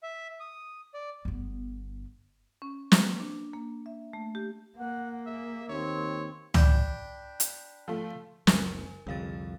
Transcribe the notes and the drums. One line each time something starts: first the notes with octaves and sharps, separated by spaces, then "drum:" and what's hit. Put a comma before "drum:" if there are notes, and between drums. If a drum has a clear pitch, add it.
E5
D#6
D5
G1 B3
C#4
A#3, drum: snare
D4
A#3
E5
A3
G4
A#3 F#5
G#4 E5
D#2 C4 C#5
D4 G5 B5, drum: tom C#2
drum: hi-hat
F3 A3
F#1 C#2 A#4 G#5, drum: snare
C2 F2 D3 F5 A6